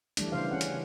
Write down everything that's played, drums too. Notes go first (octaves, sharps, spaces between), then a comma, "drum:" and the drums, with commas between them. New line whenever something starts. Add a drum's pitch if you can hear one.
E3 G3 A3 D4, drum: hi-hat
C#3 E3 C5 F5
E3 C#4 F#5
drum: hi-hat